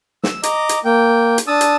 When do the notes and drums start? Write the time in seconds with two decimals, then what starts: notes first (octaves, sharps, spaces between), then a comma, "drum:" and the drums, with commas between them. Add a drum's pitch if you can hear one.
0.23 E6, drum: snare
0.43 D#5 A#5 D6, drum: hi-hat
0.69 drum: hi-hat
0.85 A#3 G5
1.38 drum: hi-hat
1.47 D4 A5 D#6 E6
1.61 drum: hi-hat